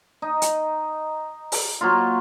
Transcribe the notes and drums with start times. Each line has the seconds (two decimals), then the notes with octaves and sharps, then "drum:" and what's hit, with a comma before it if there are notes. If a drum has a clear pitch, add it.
0.22 D#4
0.42 drum: hi-hat
1.52 drum: open hi-hat
1.81 F#3 A#3 F4